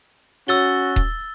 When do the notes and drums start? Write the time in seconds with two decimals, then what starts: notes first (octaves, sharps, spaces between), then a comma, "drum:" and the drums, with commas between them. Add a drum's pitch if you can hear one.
0.48 C#4 F#4 E6 A6 G7
0.96 drum: kick D#1